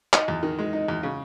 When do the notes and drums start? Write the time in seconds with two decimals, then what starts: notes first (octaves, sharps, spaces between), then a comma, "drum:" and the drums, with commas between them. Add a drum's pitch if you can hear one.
0.13 D#4, drum: clap
0.28 E2
0.43 D#3
0.59 G#3
0.73 D#4
0.88 E2
1.03 C#3